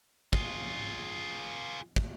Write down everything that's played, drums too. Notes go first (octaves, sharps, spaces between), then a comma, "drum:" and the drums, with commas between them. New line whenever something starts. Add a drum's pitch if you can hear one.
F4 G#4, drum: kick
drum: kick